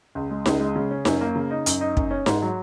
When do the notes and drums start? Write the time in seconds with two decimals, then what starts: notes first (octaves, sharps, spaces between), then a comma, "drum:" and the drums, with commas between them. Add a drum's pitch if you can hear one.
0.15 C#2
0.30 G#3
0.46 C#2, drum: snare D#4
0.60 G#3
0.76 C#3
0.91 C#4
1.05 F#2, drum: snare D#4
1.21 A#3
1.36 C#3
1.51 D#4
1.66 F#2, drum: hi-hat
1.81 D#4
1.97 F#2, drum: kick
2.11 C#4
2.26 G#2, drum: snare D#4
2.42 F#3